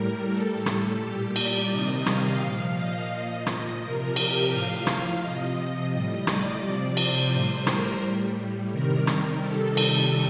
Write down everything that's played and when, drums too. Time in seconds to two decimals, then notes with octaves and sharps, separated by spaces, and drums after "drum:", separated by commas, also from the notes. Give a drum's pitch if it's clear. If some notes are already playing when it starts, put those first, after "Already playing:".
Already playing: A2 G3 A#4
0.31 A2 G3 A4
0.66 drum: rim click
1.02 A#2 G3 G4
1.36 D5, drum: cymbal
1.72 C3 D#3 G3 D#5
2.06 F5, drum: rim click
2.42 A#2 F3
2.77 D#5
3.11 A#2 F3
3.46 drum: rim click
3.82 C3 F3 A#4
4.16 G4, drum: cymbal
4.51 A2 F3 F5
4.87 drum: rim click
5.21 C3 F3 D#5
5.56 D#5
5.92 A2 G3
6.27 D5, drum: rim click
6.62 C3 F3
6.97 C5, drum: cymbal
7.31 A2 G3
7.67 A#4, drum: rim click
8.01 A2 G3
8.72 C3 D#3 G3 A#4
9.07 drum: rim click
9.42 C3 D#3 G3 A4
9.77 drum: cymbal